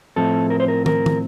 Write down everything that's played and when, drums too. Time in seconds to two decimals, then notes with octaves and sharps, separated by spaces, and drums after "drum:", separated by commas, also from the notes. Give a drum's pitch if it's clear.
0.16 A2 F3 C4 A4
0.50 A#4
0.60 C5
0.68 A#4
0.86 A#4, drum: tom
1.06 drum: tom